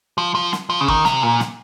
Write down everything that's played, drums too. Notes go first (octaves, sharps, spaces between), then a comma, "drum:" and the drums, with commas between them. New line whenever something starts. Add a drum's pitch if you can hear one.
F3
F3
drum: snare
F3
C#3
D#3, drum: kick
C3, drum: snare
A#2
drum: snare